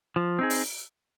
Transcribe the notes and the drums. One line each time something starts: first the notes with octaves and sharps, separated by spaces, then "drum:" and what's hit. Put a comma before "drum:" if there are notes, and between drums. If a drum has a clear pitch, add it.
F3
C4 D#4 G#4
drum: open hi-hat